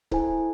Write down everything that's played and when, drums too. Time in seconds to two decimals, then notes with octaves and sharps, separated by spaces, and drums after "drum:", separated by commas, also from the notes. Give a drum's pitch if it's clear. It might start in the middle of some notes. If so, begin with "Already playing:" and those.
0.11 E4 A4 C5 G#5, drum: kick C#1